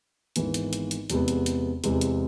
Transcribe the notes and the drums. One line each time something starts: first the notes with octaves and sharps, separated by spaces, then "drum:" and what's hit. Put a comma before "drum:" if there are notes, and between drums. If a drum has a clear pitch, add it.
G#1 G#2 E3 B3, drum: hi-hat
drum: hi-hat
drum: hi-hat
drum: hi-hat
E2 C3 G#3 B3, drum: hi-hat
drum: hi-hat
drum: hi-hat
E2 C3 G#3 B3, drum: hi-hat
drum: hi-hat